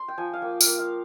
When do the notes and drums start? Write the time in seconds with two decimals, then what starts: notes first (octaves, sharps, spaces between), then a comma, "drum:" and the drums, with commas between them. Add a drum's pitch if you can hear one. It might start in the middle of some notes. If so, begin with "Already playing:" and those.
Already playing: C6
0.08 G5
0.18 F3 G#5
0.33 F5
0.42 A#3 G5
0.61 F5, drum: tambourine
0.67 A#3
0.79 F5